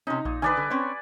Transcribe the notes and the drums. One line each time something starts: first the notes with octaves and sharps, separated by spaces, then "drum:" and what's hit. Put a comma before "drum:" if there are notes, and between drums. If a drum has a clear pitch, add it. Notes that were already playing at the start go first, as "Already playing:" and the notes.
C3 C#4 D#4
A#2, drum: kick A#1
D#3 D4 B4 D5 G#5
D3 G3
C4 C#4 C#5